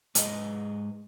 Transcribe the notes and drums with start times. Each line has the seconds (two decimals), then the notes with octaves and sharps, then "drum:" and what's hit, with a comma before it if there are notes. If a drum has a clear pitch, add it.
0.15 G#2 G#3 G#4 B4 D#5, drum: hi-hat